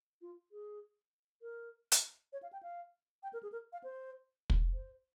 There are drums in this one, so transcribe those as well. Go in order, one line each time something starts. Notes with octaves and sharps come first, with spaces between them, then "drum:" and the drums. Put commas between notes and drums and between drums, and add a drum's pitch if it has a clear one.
F4
G#4
A#4
drum: hi-hat
C#5
F5
G5
F5
G5
A#4
G#4
A#4
F5
C5
drum: kick
C5